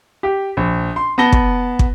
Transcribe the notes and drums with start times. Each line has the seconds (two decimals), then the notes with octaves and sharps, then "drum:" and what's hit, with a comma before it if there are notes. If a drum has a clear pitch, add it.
0.23 G4
0.57 A#1
0.96 C6
1.18 B3 A5 A#6 G7
1.32 drum: kick
1.79 drum: kick